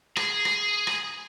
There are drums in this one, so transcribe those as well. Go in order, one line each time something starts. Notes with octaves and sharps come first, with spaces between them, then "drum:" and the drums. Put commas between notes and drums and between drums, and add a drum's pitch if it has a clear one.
G#4, drum: rim click
drum: rim click
drum: rim click